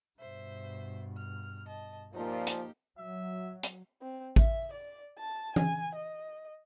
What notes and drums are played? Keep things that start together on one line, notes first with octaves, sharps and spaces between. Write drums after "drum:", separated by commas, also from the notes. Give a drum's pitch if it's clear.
G2 B2 C5 E5
F6
D#5 A5
A#2 F3 A#3 D#4 G4
drum: hi-hat
F#3 E5
drum: hi-hat
C4
E5, drum: kick A1
D5
A5
G#5, drum: tom E3
D#5